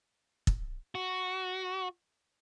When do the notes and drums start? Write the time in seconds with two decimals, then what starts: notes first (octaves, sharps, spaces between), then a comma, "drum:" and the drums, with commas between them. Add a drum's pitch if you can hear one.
0.47 drum: kick
0.95 F#4